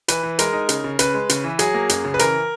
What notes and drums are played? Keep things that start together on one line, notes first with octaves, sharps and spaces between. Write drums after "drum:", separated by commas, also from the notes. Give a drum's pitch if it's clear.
E3 B4, drum: hi-hat
E3
G#3 A#4, drum: hi-hat
D#4
C#3, drum: hi-hat
C#3
C#3 B4, drum: hi-hat
G#3
C#3, drum: hi-hat
E3
F#3 G#4, drum: hi-hat
A#3
F#2, drum: hi-hat
C#3
B4
E3 A#4, drum: hi-hat